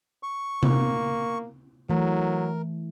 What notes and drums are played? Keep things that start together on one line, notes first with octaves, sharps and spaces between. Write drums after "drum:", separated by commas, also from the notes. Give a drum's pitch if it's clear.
C#6
A#3, drum: tom C3
E3 F#3 A3 A#4